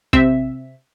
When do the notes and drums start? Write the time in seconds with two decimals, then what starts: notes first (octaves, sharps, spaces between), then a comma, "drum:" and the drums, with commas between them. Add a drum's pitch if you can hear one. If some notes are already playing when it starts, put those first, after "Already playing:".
0.13 C3 C4 E5, drum: kick